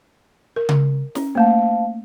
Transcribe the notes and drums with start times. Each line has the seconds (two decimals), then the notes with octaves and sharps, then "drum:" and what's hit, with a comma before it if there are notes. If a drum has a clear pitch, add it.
0.56 A#4
0.69 drum: tom C#3
1.15 C#4, drum: snare
1.35 A3 A#3 C5 F5 A5